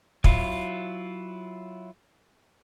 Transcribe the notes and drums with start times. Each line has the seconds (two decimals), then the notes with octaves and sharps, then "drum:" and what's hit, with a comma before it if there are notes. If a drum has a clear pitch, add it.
0.24 F#3 E4 F4, drum: kick